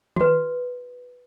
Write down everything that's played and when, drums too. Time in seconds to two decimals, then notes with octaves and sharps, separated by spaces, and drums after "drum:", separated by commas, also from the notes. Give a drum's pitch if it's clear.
0.16 F#4 B4, drum: tom D#3